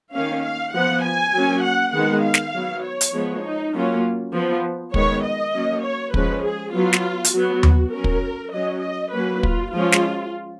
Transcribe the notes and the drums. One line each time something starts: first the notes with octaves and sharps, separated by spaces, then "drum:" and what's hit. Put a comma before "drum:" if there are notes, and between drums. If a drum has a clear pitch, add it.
D#3 A#3 C#4 F5
F5
F3 B3 F#5
G#5
F#3 A#3 C#4
F#5
D#3 G#3 B3 F#5
F5
drum: snare
F#3 B3
C#5
drum: hi-hat
F3 G#3 B3
D#4
F#3 A#3 C#4 F4
F3 B3
D#3 G#3 B3 C#5, drum: kick
D#5
F#3 A#3 C#4
C#5
F3 G#3 C#4 B4, drum: kick
G#4
F#3 B3 F4
drum: snare
drum: hi-hat
F#3 B3 F#4
drum: tom D#2
F#3 C#4 A#4
drum: kick
F#3 C#4 D#5
D#5
F#3 A#3 C#4 B4
F4, drum: kick
F3 G#3 C#4 F4
drum: snare